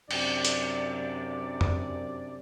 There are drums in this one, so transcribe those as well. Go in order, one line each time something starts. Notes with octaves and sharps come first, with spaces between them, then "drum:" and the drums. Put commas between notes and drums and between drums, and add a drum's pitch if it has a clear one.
F#2 C3 D4 D5, drum: cymbal
drum: hi-hat
drum: tom F2